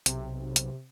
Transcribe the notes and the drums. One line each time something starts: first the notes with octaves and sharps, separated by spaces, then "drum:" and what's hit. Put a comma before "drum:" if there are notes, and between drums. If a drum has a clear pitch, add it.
B1 C3, drum: hi-hat
drum: hi-hat